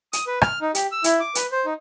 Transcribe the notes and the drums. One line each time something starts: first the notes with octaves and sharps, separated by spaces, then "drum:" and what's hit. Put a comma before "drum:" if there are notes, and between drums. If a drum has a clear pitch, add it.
D#6, drum: hi-hat
B4
F6, drum: rim click
D#4
G4, drum: hi-hat
E6
E4, drum: hi-hat
D6
B4, drum: hi-hat
C5
D#4